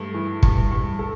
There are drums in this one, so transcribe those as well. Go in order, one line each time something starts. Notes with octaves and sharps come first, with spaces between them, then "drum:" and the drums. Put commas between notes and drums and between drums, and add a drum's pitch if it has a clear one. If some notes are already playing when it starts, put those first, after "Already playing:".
Already playing: G2 A3
E3
G2, drum: kick
G2
A4